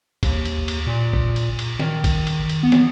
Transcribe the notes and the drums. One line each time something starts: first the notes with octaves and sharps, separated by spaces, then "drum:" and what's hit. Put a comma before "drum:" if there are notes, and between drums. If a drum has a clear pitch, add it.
D#2, drum: kick, cymbal
drum: cymbal
drum: cymbal
A#2
drum: kick
drum: cymbal
drum: cymbal
D#3, drum: snare
drum: kick, cymbal
drum: cymbal
drum: cymbal
B3
drum: snare